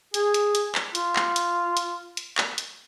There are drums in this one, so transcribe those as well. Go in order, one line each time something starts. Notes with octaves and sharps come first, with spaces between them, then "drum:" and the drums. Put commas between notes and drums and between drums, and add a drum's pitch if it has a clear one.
G#4, drum: hi-hat
drum: hi-hat
drum: hi-hat
drum: clap
F4, drum: hi-hat
drum: clap
drum: hi-hat
drum: hi-hat
drum: hi-hat
drum: clap
drum: hi-hat